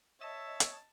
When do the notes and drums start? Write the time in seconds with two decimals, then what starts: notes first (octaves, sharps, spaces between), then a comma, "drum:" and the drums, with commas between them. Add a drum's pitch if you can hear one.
0.21 C#5 D#5 E5 A5 E6
0.60 drum: hi-hat